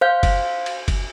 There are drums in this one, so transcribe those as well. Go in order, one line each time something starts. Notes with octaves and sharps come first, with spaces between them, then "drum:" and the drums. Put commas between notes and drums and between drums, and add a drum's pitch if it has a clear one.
C5 F5 G6
drum: kick F#1, cymbal
drum: cymbal
drum: kick F#1, cymbal